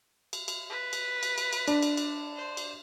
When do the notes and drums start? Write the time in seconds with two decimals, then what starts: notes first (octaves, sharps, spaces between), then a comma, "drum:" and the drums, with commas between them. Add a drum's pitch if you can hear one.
0.33 drum: cymbal
0.48 drum: cymbal
0.69 B4
0.93 drum: cymbal
1.23 drum: cymbal
1.38 drum: cymbal
1.53 drum: cymbal
1.68 D4, drum: cymbal
1.82 drum: cymbal
1.97 drum: cymbal
2.36 C5
2.57 drum: cymbal